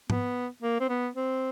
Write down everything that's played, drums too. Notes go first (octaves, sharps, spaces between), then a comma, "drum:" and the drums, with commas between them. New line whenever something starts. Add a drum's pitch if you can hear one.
B3, drum: tom G#2
A#3
C4
B3
C4